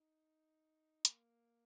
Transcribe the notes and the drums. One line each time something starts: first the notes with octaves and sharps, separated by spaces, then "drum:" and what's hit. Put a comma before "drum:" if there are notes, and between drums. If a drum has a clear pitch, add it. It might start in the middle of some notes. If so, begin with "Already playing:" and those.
Already playing: D#4
A#3, drum: hi-hat